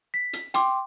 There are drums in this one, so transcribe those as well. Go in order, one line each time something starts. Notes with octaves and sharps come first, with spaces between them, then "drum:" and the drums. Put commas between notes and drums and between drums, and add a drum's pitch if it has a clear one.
B6
drum: hi-hat
G5 C6 D6, drum: hi-hat